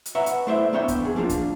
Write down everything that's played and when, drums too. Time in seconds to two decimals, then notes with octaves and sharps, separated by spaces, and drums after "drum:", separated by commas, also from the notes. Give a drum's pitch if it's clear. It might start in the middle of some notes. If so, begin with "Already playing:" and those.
0.06 drum: hi-hat
0.15 B4 C#5 E5 F#5 A#5
0.26 drum: hi-hat
0.47 A3 E4 C5 D5 E5
0.73 A#3 B3 D4 C#5 E5 G5
0.88 drum: kick, hi-hat
1.01 E2 G#4
1.16 F3 A#3 D4 F4
1.29 drum: kick, hi-hat